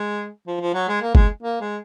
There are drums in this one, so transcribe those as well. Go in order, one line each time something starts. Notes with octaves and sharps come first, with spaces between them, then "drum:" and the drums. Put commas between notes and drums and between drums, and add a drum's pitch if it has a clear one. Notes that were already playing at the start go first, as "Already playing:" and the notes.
Already playing: G#3
F3
F3
F#3
G#3
A#3
G#3, drum: kick
A#3
G#3